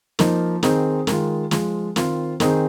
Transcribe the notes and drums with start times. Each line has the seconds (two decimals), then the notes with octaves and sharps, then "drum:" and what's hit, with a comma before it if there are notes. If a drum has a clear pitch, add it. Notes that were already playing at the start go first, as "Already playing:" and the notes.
0.19 F3 A#3 D#4 A#4, drum: snare
0.63 D#3 C4 D#4 G#4, drum: snare
1.07 D#3 G#3 F4, drum: snare
1.51 F3 G#3 F4, drum: snare
1.96 D#3 C4 F4, drum: snare
2.40 D#3 C4 D#4 G#4, drum: snare